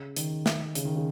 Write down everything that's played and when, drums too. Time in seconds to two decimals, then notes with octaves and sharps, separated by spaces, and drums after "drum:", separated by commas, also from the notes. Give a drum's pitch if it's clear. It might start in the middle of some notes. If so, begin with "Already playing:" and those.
Already playing: C#3
0.16 D#3, drum: hi-hat
0.46 drum: snare
0.75 C#3, drum: hi-hat
0.85 D#3
0.96 C#3